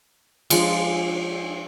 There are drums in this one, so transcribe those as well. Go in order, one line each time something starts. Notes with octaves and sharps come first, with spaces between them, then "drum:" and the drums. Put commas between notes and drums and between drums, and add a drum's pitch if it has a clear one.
F3 G#3, drum: cymbal